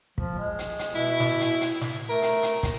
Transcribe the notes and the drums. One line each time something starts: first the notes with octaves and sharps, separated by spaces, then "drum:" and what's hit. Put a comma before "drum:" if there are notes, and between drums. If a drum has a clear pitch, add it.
F3, drum: kick
G#3
drum: hi-hat
drum: hi-hat
B2 E4
drum: snare
drum: hi-hat
drum: hi-hat
drum: snare
A3 A#4
drum: hi-hat
drum: hi-hat
drum: kick, hi-hat